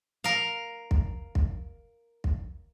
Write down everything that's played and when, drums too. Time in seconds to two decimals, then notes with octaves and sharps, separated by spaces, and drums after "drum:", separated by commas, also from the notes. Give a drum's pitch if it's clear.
0.24 A#4 F5
0.91 drum: kick
1.35 drum: kick
2.24 drum: kick